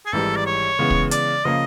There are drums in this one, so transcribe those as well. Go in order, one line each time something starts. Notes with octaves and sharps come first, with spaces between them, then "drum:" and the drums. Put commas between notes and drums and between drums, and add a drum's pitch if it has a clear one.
G#4
G#1 G#2 E3 G3 A4
D5
C#5
C#3 E3 G#3 B3
drum: kick
D5, drum: hi-hat
C#3 F3 A#3 D#5